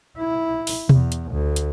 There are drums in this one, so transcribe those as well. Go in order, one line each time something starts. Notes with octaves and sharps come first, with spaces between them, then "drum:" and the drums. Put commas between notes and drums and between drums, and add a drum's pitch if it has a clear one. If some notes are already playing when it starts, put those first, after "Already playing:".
E4
drum: open hi-hat
E2, drum: tom B2
drum: hi-hat
D2
drum: hi-hat